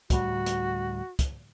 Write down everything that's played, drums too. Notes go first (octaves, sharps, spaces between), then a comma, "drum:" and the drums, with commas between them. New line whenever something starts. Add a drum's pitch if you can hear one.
D2 A2 G3 F#4, drum: kick, hi-hat
drum: hi-hat
drum: kick, hi-hat